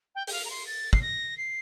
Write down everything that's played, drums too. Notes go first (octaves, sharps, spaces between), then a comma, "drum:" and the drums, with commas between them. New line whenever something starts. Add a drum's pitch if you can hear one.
G5
G5, drum: open hi-hat
F5
A#5
C6
A6
C7, drum: kick
A#6
C7